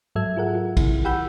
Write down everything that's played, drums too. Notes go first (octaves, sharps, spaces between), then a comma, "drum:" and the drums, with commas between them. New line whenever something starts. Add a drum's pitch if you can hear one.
G#2 F#3 A4 E5 E6 G#6
F4 G#4 A#4 F#5
F4
C3 D#3 E4, drum: kick, cymbal
G4 F#5 G5 B5 E6 G6